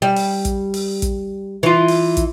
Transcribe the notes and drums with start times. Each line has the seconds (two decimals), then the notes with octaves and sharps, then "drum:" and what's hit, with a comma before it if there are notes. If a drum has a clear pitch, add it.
0.02 G3
0.16 drum: open hi-hat
0.45 drum: kick, hi-hat
0.74 drum: open hi-hat
1.02 drum: kick, hi-hat
1.63 E3 F4
1.88 drum: open hi-hat
2.17 drum: kick, hi-hat